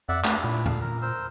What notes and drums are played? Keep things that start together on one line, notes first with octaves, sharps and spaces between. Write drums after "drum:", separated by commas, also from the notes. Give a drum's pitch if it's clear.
F2 D5 E5 F#5
A3 D4 B4, drum: clap
A#2 D4 E4
A4 F5, drum: tom
A#4
A#4 C5 E6